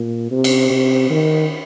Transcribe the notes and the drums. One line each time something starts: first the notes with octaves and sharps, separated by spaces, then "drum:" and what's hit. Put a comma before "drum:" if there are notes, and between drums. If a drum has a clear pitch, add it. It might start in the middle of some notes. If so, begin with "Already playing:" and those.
Already playing: A#2
C3
drum: cymbal
C3
D#3